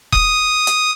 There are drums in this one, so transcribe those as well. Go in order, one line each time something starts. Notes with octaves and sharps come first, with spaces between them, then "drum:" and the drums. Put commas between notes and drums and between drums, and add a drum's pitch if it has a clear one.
D#6, drum: kick E1
drum: hi-hat